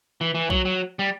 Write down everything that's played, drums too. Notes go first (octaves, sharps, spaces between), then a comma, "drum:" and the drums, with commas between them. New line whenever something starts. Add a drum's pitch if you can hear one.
E3
E3
F#3, drum: kick B1
F#3
G3